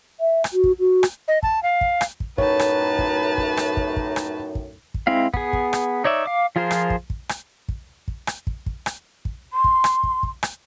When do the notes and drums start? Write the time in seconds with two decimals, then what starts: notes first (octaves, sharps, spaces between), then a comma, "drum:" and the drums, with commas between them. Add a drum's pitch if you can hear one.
0.20 E5
0.44 drum: rim click
0.53 F#4
0.64 drum: kick
0.80 F#4
1.03 drum: rim click
1.28 D#5
1.43 A5, drum: kick
1.63 F5
1.81 drum: kick
2.01 drum: rim click
2.20 drum: kick
2.38 F#2 A2 D#4 B4 C#5 A5, drum: kick
2.59 drum: rim click
2.99 drum: kick
3.38 drum: kick
3.57 drum: rim click
3.77 drum: kick
3.97 drum: kick
4.16 drum: rim click
4.55 drum: kick
4.94 drum: kick
5.07 G#3 C4 E4 F5
5.34 B3 G#4, drum: kick
5.53 drum: kick
5.73 drum: rim click
6.04 D#4 C#5 D5 E5
6.26 F5 D6
6.56 F3 F4 G#4 A#4 C5
6.71 drum: rim click
6.90 drum: kick
7.10 drum: kick
7.29 drum: rim click
7.69 drum: kick
8.08 drum: kick
8.27 drum: rim click
8.47 drum: kick
8.66 drum: kick
8.86 drum: rim click
9.25 drum: kick
9.53 C6
9.64 drum: kick
9.84 drum: rim click
10.03 drum: kick
10.23 drum: kick
10.43 drum: rim click